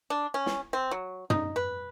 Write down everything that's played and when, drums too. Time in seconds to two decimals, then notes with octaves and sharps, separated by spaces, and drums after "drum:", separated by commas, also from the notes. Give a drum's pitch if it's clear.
0.10 D4
0.34 C#4
0.46 drum: snare
0.73 C4
0.91 F#3
1.30 D#4, drum: tom
1.56 B4